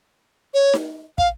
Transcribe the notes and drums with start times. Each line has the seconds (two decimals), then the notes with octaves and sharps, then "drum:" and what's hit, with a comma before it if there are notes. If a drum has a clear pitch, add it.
0.54 C#5
0.73 drum: snare D#4
1.18 F5, drum: kick